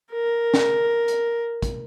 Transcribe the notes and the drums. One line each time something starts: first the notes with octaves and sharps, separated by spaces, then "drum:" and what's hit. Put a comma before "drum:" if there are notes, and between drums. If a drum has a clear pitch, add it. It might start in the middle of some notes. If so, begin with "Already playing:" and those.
A#4
drum: snare
drum: hi-hat
drum: kick, hi-hat